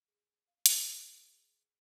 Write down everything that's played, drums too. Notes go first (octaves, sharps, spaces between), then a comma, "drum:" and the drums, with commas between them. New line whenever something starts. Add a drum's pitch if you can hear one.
G#4
F5
A6, drum: hi-hat
G#4